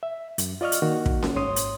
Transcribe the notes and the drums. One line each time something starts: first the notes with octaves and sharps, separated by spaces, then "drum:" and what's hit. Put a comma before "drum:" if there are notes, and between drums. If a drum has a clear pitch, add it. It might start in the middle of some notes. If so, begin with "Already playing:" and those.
E5
F#2, drum: hi-hat
F4 D5 D#5 C#6 F6
drum: hi-hat
D#3 A#3 F#4
drum: kick
drum: snare C#4
G#2 C#5 C6 D#6
drum: hi-hat